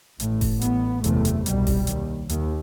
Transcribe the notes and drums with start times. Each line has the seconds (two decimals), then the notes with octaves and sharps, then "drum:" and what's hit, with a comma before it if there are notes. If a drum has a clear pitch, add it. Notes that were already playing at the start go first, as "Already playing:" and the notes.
0.20 A1 A2, drum: hi-hat
0.41 drum: kick F#1, open hi-hat
0.61 A1 A2 B3, drum: hi-hat
1.04 F#1 E2 C3 A3, drum: hi-hat
1.25 drum: hi-hat
1.46 C2 B2 G3, drum: hi-hat
1.67 drum: kick F#1, open hi-hat
1.87 D#2, drum: hi-hat
2.29 D#2, drum: hi-hat